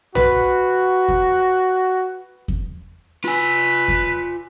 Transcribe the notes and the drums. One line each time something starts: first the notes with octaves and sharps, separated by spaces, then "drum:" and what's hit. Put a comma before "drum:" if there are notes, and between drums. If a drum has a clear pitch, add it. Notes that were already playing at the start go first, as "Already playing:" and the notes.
F#4 B4, drum: tom
drum: kick E2
drum: kick E2
F4 B4 G#5
drum: kick E2